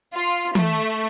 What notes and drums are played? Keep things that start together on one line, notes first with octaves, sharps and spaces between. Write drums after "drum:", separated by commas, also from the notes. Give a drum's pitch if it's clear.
F4
A3, drum: tom